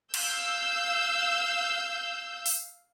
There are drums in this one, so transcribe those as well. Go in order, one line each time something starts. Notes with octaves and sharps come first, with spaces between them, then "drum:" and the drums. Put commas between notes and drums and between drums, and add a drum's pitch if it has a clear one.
F5 E6 G6, drum: cymbal
drum: open hi-hat